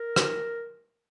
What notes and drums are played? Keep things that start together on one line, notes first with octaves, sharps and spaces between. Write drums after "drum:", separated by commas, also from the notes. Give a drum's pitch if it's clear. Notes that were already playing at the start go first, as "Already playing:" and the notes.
Already playing: A#4
drum: rim click